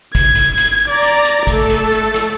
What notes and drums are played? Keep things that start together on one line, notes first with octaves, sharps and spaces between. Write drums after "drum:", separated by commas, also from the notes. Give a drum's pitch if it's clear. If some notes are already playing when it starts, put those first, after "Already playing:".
G#6, drum: kick, hi-hat
drum: hi-hat
drum: hi-hat
D5 A#5
drum: hi-hat
drum: hi-hat
A3 A4, drum: kick, hi-hat
drum: hi-hat
drum: hi-hat
drum: rim click